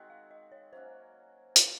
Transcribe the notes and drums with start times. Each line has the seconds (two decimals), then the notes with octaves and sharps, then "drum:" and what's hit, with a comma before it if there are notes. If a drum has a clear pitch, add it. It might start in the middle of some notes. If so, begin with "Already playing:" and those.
Already playing: D#3 G#3 C4 F#4 D#5
0.10 F5
0.31 D#5
0.52 C#5
0.73 F#3 A#3 C#4 F#4 C5
1.56 C#3 F#3 A#3 C#4, drum: hi-hat